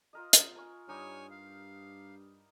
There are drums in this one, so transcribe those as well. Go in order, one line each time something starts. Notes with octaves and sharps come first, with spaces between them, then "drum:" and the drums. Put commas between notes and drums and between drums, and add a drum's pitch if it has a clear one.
F4 A#4 D#5
drum: hi-hat
A#4 G#5 C#6
G2 G3 D#4 A#4 C#5 G#5
F5